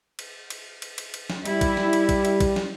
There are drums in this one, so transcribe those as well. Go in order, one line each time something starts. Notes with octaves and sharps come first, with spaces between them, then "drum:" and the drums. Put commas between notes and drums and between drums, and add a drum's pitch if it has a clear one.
drum: cymbal
drum: cymbal
drum: cymbal
drum: cymbal
drum: cymbal
drum: snare
G3 E4, drum: cymbal
drum: kick, cymbal
drum: snare
drum: cymbal
drum: kick, cymbal
drum: cymbal
drum: kick, cymbal
drum: snare